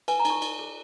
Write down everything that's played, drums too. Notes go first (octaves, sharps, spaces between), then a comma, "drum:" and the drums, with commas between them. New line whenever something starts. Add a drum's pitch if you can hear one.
B4 G#5, drum: cymbal
A#5
D#4, drum: cymbal
C#6
D#4, drum: cymbal
G#4